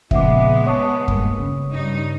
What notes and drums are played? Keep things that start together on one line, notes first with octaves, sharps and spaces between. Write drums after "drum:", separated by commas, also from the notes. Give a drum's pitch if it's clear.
A#2 C#3 F3 G#3 B3 E5 F#5 D6, drum: kick
C#5 F#5 A5 C#6 D#6
G2 A#3, drum: kick
C#3
G2 D#4